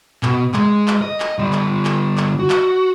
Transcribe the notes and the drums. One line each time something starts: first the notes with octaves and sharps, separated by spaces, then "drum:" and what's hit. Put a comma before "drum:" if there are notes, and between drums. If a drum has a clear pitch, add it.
B2, drum: clap
G#3, drum: clap
drum: clap
D#5
drum: clap
D3 G3
drum: clap
drum: clap
drum: clap
F#4
drum: clap